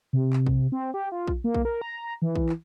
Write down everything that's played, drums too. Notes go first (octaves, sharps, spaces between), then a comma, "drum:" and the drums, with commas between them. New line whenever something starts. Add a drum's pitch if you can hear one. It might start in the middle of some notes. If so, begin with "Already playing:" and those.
C3
drum: clap
drum: kick A#1
C4
G4
F4
drum: kick A#1
A#3
drum: kick A#1
A#4
A#5
E3
drum: kick A#1
drum: clap